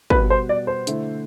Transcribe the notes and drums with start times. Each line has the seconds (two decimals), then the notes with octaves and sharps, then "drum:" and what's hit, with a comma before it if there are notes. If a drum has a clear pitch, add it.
0.10 B2 G3 B3 F#4 B4, drum: kick
0.30 C5
0.49 D5
0.67 C5
0.87 D3 A3 E4, drum: hi-hat